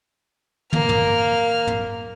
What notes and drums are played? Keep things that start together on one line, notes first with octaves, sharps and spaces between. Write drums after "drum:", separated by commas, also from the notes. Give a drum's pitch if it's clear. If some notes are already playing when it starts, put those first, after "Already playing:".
A#3 F6, drum: tom
drum: tom
drum: tom